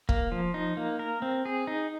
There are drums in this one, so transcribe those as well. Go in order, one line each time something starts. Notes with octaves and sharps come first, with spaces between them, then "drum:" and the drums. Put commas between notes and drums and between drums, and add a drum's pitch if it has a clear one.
A#3, drum: kick
F3
D#4
A#3
A#4
C4
G#4
D#4